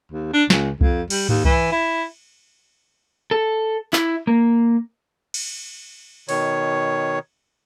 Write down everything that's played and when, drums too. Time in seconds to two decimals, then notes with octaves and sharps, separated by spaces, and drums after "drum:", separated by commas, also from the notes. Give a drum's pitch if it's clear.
0.12 D#2
0.33 D4
0.50 C#2, drum: snare
0.81 F2, drum: kick C2
1.10 G3, drum: cymbal
1.29 D#2, drum: tom G#2
1.45 E3, drum: kick C2
1.72 E4
3.31 A4
3.93 E4, drum: clap
4.27 A#3
5.34 drum: cymbal
6.29 B2 D#3 C#5, drum: open hi-hat